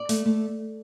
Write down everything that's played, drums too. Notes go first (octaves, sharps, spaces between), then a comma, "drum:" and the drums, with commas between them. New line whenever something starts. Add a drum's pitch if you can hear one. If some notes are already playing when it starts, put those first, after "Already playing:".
Already playing: D5
A3, drum: hi-hat
A3